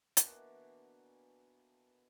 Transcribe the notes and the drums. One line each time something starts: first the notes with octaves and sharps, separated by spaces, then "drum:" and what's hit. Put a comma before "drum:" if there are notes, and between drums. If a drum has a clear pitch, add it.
B2 D3 E3 A#3, drum: hi-hat